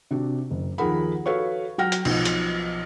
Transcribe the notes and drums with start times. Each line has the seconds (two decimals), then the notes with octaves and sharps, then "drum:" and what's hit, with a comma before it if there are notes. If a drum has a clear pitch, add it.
0.11 C3 D4 F#4
0.51 F#1
0.78 D#2 F3 G#4 A#4 F#5 B5
1.26 F#4 A4 B4 C#5 F5 C#6
1.78 F#3 F#5 G5 F6 A#6
1.92 drum: hi-hat
2.05 B1 B2 F3, drum: cymbal
2.25 drum: hi-hat